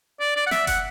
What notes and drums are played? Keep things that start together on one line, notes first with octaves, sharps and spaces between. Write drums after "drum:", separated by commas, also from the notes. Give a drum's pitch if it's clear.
D5
D5
F#5
E5, drum: snare
F#5, drum: kick F1, hi-hat